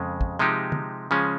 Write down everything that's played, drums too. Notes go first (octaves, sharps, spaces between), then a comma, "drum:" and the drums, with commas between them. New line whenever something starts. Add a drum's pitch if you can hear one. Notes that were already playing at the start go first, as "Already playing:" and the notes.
Already playing: F2 C#3 G#3
drum: kick
C3 F3 G#3 D#4 G4
drum: tom
C#3 F3 G#3 C#4